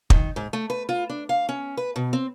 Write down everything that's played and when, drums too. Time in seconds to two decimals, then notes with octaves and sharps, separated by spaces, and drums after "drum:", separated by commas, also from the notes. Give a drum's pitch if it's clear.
0.10 D#3, drum: kick
0.36 G#2
0.53 A3
0.70 B4
0.89 F4
1.10 D4
1.29 F5
1.49 C#4
1.77 B4
1.96 B2
2.13 C4